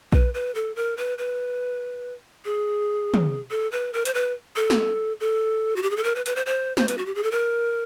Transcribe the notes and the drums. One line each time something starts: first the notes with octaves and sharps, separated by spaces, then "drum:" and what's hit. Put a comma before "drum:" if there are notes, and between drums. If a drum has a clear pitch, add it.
B4, drum: kick A#1
B4
A4
A#4
B4
B4
G#4
drum: tom
A4
B4
A#4
C5, drum: hi-hat
B4
A4
drum: snare
A4
F#4
G4
G#4
A4
A#4
B4
B4, drum: hi-hat
C5
C5
C5, drum: snare
B4, drum: hi-hat
F#4
G4
G#4
A4
A#4